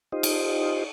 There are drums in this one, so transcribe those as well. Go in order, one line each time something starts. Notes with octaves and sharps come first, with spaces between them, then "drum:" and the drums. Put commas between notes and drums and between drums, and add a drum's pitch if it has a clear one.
D#4 F4 G4 C5 D#5
drum: cymbal